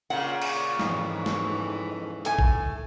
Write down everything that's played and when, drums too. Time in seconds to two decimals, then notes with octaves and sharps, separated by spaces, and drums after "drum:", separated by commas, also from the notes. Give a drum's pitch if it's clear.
0.10 A#2 C#3 F#5
0.42 drum: cymbal
0.79 F2 G#2 E3, drum: snare
1.26 drum: snare
2.25 A3 G#5, drum: hi-hat
2.39 drum: kick